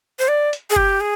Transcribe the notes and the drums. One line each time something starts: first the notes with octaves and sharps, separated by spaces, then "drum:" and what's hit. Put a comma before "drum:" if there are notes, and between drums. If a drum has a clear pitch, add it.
C5
D5
drum: hi-hat
G#4
G4, drum: kick F#1
G#4